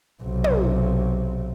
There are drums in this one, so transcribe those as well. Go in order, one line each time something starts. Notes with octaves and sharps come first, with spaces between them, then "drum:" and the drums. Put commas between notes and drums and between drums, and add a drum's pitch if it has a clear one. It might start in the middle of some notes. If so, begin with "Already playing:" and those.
B1 C3
drum: tom